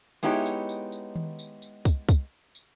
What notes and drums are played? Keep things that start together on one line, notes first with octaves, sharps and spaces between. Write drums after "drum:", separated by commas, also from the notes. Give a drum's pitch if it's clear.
G#3 B3 D#4 E4 G4 C#5, drum: tambourine
drum: tambourine
drum: tambourine
drum: tambourine
drum: tom D#3
drum: tambourine
drum: tambourine
drum: kick, tambourine
drum: kick, tambourine
drum: tambourine